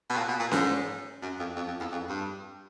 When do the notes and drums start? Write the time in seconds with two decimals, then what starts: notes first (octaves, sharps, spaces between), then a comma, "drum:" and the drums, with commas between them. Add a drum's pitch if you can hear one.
0.10 B2
0.16 A#2
0.28 B2
0.40 A#2
0.51 G#2, drum: snare C#4
1.22 F#2
1.39 F2
1.56 F2
1.67 F2
1.80 E2
1.91 F2
2.09 G2